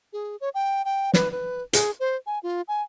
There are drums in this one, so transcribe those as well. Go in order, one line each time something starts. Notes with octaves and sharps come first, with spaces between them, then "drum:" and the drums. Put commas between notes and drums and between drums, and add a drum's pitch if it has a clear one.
G#4
C#5
G5
G5
B4, drum: snare
B4
G#4, drum: hi-hat
C5
G#5
F4
G#5